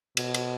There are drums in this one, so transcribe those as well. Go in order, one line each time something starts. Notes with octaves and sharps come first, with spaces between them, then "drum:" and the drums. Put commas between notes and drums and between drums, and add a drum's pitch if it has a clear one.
B2, drum: cymbal
drum: cymbal